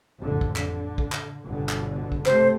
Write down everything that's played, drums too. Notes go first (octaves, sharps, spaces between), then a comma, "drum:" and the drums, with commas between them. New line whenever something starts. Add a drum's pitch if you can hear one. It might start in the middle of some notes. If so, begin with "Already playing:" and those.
A1 F2 D3
drum: kick A1
D3, drum: clap
drum: kick A1
drum: clap
G1 B2 D3
drum: clap
drum: kick A1
C3 A3 C5, drum: clap